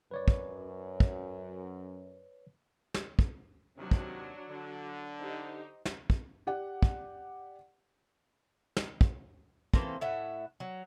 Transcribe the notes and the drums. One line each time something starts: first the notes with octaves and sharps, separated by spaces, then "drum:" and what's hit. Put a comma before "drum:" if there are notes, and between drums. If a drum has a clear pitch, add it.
F#2 B4 C#5 D5
drum: kick
drum: kick
drum: snare
drum: kick
D#2 C3 F#3 D4
drum: kick
D3
D#4 G4 C5
drum: snare
drum: kick
G4 D5 F#5
drum: kick
drum: snare
drum: kick
E3 A#3 C4 A4, drum: kick
A2 E5 F#5
F#3